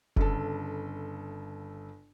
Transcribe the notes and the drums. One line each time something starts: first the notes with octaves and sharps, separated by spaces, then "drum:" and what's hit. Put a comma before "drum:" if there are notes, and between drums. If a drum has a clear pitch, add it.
G1 C#3 A4, drum: kick F1